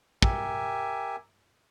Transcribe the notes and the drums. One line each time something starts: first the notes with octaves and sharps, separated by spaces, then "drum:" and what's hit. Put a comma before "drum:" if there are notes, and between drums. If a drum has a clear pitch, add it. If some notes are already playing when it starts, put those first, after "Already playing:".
G4 A#4 E5 G#5, drum: kick